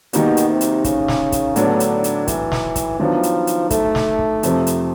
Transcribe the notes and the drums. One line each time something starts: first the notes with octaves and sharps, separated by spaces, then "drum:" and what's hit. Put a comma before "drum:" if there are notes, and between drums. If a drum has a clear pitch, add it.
B2 D#3 G3 A#3 D#4 F#4, drum: hi-hat
drum: hi-hat
C3
drum: hi-hat
C#3, drum: kick, hi-hat
drum: snare
drum: kick, hi-hat
A2 D3 F#3 B3 D4, drum: hi-hat
drum: hi-hat
drum: hi-hat
E3, drum: kick, hi-hat
drum: snare
drum: kick, hi-hat
D#3 F3 F#3 B3 D4
drum: hi-hat
drum: hi-hat
A3, drum: kick, hi-hat
drum: snare
drum: kick
F2 C3 F3, drum: hi-hat
drum: hi-hat